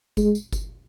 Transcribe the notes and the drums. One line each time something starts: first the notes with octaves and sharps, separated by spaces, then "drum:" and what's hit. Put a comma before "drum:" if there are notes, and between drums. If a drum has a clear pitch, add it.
G#3, drum: kick G1, tambourine
drum: tambourine
drum: kick G1, tambourine